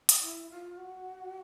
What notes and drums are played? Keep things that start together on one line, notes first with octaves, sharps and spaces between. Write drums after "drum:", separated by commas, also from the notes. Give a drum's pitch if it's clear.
drum: hi-hat
E4
F4
F#4